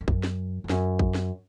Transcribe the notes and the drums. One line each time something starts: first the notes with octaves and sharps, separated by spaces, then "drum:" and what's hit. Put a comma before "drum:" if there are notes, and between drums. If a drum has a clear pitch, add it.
F2
F#2, drum: kick
drum: snare
F2
F#2, drum: snare
drum: kick
drum: snare